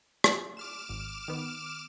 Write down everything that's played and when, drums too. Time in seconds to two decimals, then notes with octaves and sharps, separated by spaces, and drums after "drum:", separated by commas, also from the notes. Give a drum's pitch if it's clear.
0.24 drum: rim click
0.57 D6 F6 E7
0.89 G#1
1.28 D#3 B3